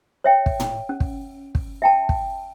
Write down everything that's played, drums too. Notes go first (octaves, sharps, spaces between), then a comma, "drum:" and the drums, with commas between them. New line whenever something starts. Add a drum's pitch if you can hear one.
C#5 E5 G5
drum: kick
drum: tom
C#4
drum: kick
drum: kick
E5 G5 A5
drum: kick